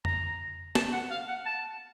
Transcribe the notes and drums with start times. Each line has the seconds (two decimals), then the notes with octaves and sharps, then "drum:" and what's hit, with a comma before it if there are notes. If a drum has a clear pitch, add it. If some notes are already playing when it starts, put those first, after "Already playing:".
0.05 A#5, drum: tom F2
0.75 A5, drum: snare
0.93 F#5
1.11 F5
1.28 F#5
1.46 A5